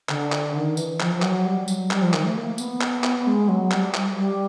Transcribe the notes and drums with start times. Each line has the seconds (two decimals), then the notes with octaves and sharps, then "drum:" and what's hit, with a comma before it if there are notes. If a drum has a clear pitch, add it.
0.09 D3, drum: clap
0.32 drum: clap
0.55 D#3
0.77 E3, drum: tambourine
1.00 F3, drum: clap
1.16 F3
1.22 F#3, drum: clap
1.45 G3
1.68 F#3, drum: tambourine
1.91 G3, drum: clap
2.02 F3
2.13 D#3, drum: clap
2.25 A3
2.36 A#3
2.58 B3, drum: tambourine
2.81 drum: clap
3.04 drum: clap
3.27 G#3
3.48 F#3
3.71 G3, drum: clap
3.94 drum: clap
4.17 G3